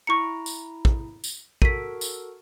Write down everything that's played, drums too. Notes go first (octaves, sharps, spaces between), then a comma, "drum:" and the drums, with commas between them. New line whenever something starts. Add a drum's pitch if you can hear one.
E4 A#5 C#6 C#7
drum: tambourine
drum: kick
drum: tambourine
F#4 A4 A#4 B6 D#7, drum: kick
drum: tambourine